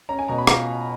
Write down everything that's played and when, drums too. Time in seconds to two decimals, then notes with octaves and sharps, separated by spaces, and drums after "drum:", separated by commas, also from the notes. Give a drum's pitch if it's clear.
0.09 C#4 A#5
0.19 G#5
0.28 B2 A#5
0.38 B5
0.47 F4 A#5, drum: rim click